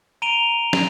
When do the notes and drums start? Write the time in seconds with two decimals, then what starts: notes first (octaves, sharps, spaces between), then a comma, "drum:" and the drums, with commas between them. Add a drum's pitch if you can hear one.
0.22 A#5 D7 D#7 F7 G7
0.73 drum: snare